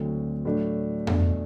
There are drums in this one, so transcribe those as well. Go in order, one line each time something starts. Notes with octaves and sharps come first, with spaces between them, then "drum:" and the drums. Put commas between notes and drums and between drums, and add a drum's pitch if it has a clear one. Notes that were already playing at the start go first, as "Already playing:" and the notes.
Already playing: D2 D3 F#3 C4
A2 F#3 A3 D4 A4
E2 B2 A3 D4, drum: tom F2